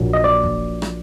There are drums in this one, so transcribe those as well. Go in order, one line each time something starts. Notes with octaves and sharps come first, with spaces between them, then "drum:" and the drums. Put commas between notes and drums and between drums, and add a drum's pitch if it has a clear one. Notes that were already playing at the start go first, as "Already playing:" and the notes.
Already playing: A#1 A#2 F#3
D#5
D5
drum: kick
drum: rim click